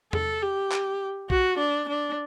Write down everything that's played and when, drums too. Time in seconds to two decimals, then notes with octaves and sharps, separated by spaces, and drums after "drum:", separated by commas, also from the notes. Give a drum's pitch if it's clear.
0.13 A4, drum: tom E2
0.43 G4
0.72 drum: clap
1.30 F#4, drum: kick B1
1.59 D4
1.89 D4